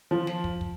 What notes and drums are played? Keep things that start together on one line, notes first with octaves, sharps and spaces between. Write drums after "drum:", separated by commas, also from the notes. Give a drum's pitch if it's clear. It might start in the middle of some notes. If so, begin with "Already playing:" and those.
F3
drum: snare
drum: kick
drum: kick